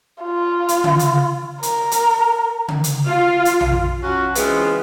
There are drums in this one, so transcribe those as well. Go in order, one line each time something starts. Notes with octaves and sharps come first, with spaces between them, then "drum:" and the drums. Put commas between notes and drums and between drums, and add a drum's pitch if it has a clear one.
F4
drum: hi-hat
drum: tom C#3
drum: hi-hat
A#4, drum: hi-hat
drum: hi-hat
drum: tom C#3
drum: hi-hat
F4
drum: hi-hat
drum: tom A#1
F#3 C#4 F4 F#4
C#3 E3 G#3 B3 C4 F4, drum: hi-hat